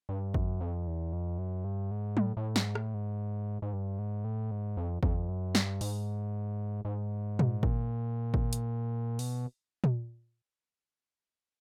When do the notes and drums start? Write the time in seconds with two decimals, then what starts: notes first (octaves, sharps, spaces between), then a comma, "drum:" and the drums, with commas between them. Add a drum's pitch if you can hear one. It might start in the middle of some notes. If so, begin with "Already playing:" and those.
0.09 G2
0.34 F#2, drum: kick G#1
0.60 F2
0.87 E2
1.13 F2
1.38 F#2
1.64 G2
1.91 G#2
2.17 A2, drum: tom F#3
2.37 A2
2.56 G#2, drum: snare
2.75 A2, drum: rim click
2.94 G#2
3.62 G#2
3.73 G2
3.99 G#2
4.24 A2
4.51 G#2
4.77 F2
5.03 F2, drum: kick G#1
5.29 F#2
5.55 G2, drum: snare
5.81 G#2, drum: open hi-hat
6.85 G#2
7.39 drum: tom A#2
7.63 A#2, drum: kick G#1
8.34 drum: kick G#1
8.53 drum: hi-hat
9.19 B2, drum: open hi-hat
9.84 drum: tom A#2